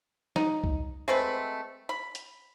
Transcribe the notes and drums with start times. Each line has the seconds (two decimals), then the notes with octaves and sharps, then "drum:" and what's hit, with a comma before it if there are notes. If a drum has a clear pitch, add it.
0.36 D#4, drum: snare
0.64 drum: kick
1.08 G#3 A3 C4 B4
1.89 B5
2.15 drum: hi-hat